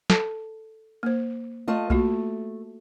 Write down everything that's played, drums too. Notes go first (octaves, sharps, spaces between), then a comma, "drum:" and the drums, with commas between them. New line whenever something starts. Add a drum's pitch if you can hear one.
A4 A5, drum: snare
A#3 C5
A3 F4 D#5
A3 A#3 F4 F#4, drum: kick B1